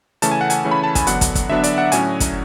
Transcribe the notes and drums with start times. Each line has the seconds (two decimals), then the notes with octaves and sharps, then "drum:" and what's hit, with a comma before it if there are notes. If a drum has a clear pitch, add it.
0.22 C#3 E3 A3 C#4 A5, drum: hi-hat
0.31 G#5
0.41 F#5
0.50 G#5, drum: hi-hat
0.64 C#3 E3 A3 C#4
0.71 B5
0.84 A5
0.95 G#5, drum: kick, hi-hat
1.07 D3 F#3 B3 D4 F#5, drum: hi-hat
1.21 drum: kick, hi-hat
1.35 drum: kick, hi-hat
1.49 D3 F#3 B3 D4 E5
1.64 D5, drum: hi-hat
1.78 F#5
1.92 A2 F#3 C#4 G#5, drum: hi-hat
2.20 drum: kick, hi-hat